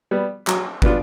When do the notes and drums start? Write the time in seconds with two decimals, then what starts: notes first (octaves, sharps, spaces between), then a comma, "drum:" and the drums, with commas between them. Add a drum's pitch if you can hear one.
0.11 G3 B3
0.47 F#3, drum: clap
0.82 B3 D4 F4, drum: kick